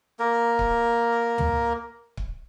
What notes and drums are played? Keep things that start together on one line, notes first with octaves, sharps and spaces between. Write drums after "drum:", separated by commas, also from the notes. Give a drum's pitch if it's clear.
A#3 A#4
drum: kick C#1
drum: tom
drum: kick C#1